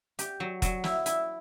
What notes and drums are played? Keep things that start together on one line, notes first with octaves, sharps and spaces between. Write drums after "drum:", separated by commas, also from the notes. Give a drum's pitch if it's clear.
G4, drum: hi-hat
F#3
F#3, drum: kick E1, hi-hat
E4, drum: snare
E4, drum: hi-hat